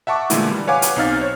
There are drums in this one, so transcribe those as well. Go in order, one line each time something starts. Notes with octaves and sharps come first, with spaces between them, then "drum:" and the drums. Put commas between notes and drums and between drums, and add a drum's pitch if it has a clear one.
E5 F#5 A5 C#6 D6
A#2 D3 E3 G#3 A3 E4, drum: hi-hat
G3
B4 C#5 F5 F#5 G#5 D6
drum: hi-hat
B1 C4 D#4 F5 F6 A6
C5 C#5